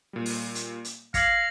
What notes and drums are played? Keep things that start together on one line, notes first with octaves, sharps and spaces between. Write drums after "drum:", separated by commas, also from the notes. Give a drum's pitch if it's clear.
A#2 G3
drum: open hi-hat
drum: hi-hat
drum: hi-hat
F5 D6 G#6 A#6 C#7 F#7, drum: kick, hi-hat